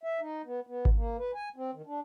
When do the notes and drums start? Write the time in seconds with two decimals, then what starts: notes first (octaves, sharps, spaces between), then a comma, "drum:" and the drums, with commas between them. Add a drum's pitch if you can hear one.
0.03 E5
0.20 D#4
0.45 B3
0.67 B3
0.85 drum: kick G#1
0.95 A#3
1.18 B4
1.35 G#5
1.56 C4
1.74 D#3
1.86 D4